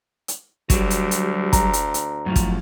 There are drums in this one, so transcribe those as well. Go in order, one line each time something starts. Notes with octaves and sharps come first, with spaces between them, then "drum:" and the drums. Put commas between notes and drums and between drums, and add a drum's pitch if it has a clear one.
drum: hi-hat
D2 F#3 G3, drum: kick, hi-hat
drum: hi-hat
drum: hi-hat
A#5, drum: kick, hi-hat
drum: hi-hat
drum: hi-hat
F#2 A2 F3
drum: kick, hi-hat